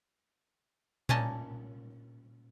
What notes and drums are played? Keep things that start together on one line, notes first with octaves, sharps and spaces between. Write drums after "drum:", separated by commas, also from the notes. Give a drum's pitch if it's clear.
A#2 A#3 C#4 D#5 A5, drum: tom A#2